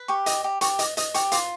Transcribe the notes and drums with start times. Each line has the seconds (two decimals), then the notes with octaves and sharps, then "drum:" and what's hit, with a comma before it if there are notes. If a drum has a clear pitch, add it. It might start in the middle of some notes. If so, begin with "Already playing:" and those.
Already playing: B4
0.08 G4 C#6
0.26 D#5 D#6, drum: hi-hat
0.44 G4
0.61 G4 C#6, drum: hi-hat
0.79 D#5 D6, drum: hi-hat
0.97 D#5 D#6, drum: hi-hat
1.14 G4 C#6, drum: hi-hat
1.32 F4 D6, drum: hi-hat